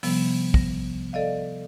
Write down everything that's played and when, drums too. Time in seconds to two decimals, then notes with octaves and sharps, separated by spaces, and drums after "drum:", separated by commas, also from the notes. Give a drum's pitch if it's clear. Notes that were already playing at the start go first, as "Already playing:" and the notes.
0.03 C3 F3 G3 B3, drum: open hi-hat
0.54 A#6, drum: kick
1.13 A4 D5 D#5 F5